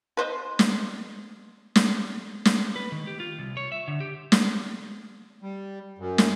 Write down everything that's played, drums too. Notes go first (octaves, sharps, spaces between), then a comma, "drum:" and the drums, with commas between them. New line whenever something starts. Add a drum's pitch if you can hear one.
B4 C5 D#5
drum: snare
drum: snare
drum: snare
B4
D#3
G4
F4
C2
C#5
E5
D3
G4
drum: snare
G3
F#2
drum: snare